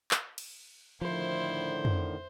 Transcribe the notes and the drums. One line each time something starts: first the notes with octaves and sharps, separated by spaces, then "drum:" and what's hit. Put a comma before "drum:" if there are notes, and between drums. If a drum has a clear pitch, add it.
drum: clap
drum: cymbal
A2 D3 D#3 F3 E4 C5 C6
drum: tom